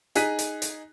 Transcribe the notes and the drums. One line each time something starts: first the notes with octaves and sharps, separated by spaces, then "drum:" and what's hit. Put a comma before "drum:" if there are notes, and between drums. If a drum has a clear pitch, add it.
D#4 G#4 F#6 B6 D#7, drum: hi-hat
drum: hi-hat
drum: hi-hat